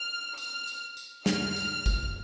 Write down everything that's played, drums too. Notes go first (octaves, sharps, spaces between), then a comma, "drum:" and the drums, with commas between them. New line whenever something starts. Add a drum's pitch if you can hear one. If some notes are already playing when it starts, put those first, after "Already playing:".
Already playing: F6
F6, drum: tambourine
drum: tambourine
drum: tambourine
F6, drum: snare
drum: tambourine
drum: kick, tambourine